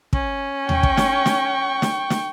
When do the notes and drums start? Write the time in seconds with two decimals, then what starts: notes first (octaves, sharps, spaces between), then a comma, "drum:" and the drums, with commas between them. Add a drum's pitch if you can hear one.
0.13 C#4, drum: kick
0.69 G5 C#6, drum: tom D#2
0.83 drum: kick
0.97 drum: snare
1.26 drum: snare
1.82 drum: snare
2.10 drum: snare